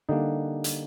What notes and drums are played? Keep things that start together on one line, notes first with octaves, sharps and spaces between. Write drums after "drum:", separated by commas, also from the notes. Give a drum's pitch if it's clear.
D3 G3 A#3 D4 D#4
drum: hi-hat